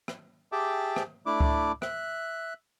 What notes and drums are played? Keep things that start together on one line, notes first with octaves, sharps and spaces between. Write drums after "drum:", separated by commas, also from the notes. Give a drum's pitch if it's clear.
drum: rim click
G4 G#4 E5 G5 A5 D6
drum: rim click
A3 D4 E4 D6
drum: kick C#2
E5 F#6, drum: rim click